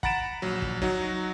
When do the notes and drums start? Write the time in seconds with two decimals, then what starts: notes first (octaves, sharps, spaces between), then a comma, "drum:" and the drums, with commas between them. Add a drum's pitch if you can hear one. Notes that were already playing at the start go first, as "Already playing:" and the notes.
0.03 F#5 A#5 B5 A6 D7 E7, drum: kick
0.42 A#1 F#3
0.62 drum: kick
0.82 F#3 D#4 F#4, drum: kick